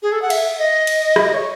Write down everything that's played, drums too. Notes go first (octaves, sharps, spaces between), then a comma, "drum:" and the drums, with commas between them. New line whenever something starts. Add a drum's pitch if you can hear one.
G#4
A4
F#5
E5, drum: cymbal
D#5
drum: cymbal
E5, drum: rim click
D#5
C#5